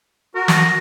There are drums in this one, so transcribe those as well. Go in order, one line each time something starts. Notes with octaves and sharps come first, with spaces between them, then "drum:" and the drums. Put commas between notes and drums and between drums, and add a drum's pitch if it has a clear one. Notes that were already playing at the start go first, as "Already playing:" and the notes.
F#4 A#4
drum: snare